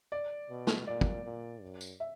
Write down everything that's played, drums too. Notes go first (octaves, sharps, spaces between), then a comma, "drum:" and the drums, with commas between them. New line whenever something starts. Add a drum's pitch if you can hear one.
D5
B2
drum: snare
A#2 D5
drum: kick
A#2
F#2
drum: tambourine
E5